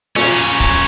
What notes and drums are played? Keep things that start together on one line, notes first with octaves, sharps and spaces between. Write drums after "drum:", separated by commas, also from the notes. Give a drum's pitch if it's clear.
A#2 C#4, drum: snare F4
drum: hi-hat
drum: kick, open hi-hat